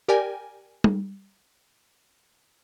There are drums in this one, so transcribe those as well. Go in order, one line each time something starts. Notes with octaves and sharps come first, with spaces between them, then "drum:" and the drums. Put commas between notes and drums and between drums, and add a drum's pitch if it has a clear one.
G4 A#4 D5 G5 G#5
drum: tom